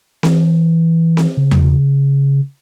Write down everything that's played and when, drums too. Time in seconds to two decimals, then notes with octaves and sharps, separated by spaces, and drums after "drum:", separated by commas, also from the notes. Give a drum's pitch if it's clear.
0.23 E3, drum: snare C4
1.17 drum: snare C4
1.37 C#3
1.51 drum: tom E2